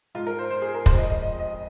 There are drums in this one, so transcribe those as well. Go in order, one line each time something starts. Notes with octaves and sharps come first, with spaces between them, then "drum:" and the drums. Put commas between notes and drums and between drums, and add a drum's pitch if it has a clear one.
G#2 G#3 F4
A#4
C5
C5
G#4
A#4
F2 F3 G#3 C5, drum: kick
D#5
D#5
D#5
D#5